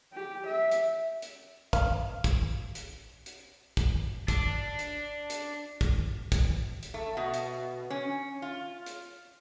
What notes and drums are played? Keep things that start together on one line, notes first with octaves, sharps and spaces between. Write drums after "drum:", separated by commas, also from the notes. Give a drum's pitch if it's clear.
G4
E5
drum: hi-hat
drum: hi-hat
F5, drum: kick, hi-hat
drum: kick, hi-hat
drum: hi-hat
drum: hi-hat
drum: kick, hi-hat
D4, drum: kick, hi-hat
drum: hi-hat
drum: hi-hat
drum: kick, hi-hat
drum: kick, hi-hat
drum: hi-hat
A3
B2
drum: hi-hat
C#4
F4
drum: hi-hat